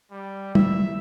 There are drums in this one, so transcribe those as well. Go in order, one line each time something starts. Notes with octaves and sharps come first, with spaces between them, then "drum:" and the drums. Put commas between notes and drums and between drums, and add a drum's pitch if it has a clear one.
G3
E5, drum: tom